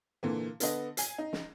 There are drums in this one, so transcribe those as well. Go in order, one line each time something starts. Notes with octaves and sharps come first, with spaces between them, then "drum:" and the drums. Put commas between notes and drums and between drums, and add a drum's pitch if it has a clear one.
A#2 D3 E3
D3 B3 D#5, drum: hi-hat
G#5 C7, drum: hi-hat
D#4
drum: snare